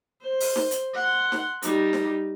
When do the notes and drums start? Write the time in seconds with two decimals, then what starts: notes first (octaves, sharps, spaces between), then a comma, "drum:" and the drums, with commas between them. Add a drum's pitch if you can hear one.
0.22 C5
0.40 drum: open hi-hat
0.56 drum: snare
0.71 drum: hi-hat
0.95 F#5 C6
1.32 drum: snare
1.62 G3 D#4, drum: hi-hat
1.93 drum: snare